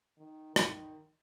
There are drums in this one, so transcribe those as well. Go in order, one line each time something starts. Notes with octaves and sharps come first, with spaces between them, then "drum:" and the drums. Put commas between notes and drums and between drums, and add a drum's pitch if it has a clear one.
D#3
D#3, drum: rim click